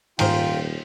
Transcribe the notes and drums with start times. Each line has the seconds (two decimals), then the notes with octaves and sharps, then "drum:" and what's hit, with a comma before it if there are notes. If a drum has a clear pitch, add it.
0.19 D#1 G#2 D#3 F4 G#4 A#4 C5 G5, drum: cymbal